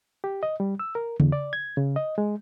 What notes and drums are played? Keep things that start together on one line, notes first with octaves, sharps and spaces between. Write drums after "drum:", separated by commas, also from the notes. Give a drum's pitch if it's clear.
G4
D#5
G3
E6
A#4
E2, drum: tom C#3
D5
G#6
C#3
D#5
G#3